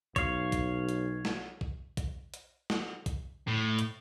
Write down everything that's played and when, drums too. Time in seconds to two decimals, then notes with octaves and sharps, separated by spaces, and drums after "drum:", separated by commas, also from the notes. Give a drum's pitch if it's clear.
0.16 B1 C#5 F5, drum: kick A#1, hi-hat
0.52 drum: kick A#1, hi-hat
0.89 drum: hi-hat
1.25 drum: snare
1.61 drum: kick A#1
1.97 drum: kick A#1, hi-hat
2.34 drum: hi-hat
2.70 drum: snare
3.06 drum: kick A#1, hi-hat
3.48 A2
3.79 drum: hi-hat